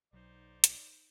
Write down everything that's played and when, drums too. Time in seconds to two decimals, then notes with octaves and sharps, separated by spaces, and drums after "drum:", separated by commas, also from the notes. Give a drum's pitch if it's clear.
0.13 B1 B2 F#3 D#4 C5 D5
0.64 drum: hi-hat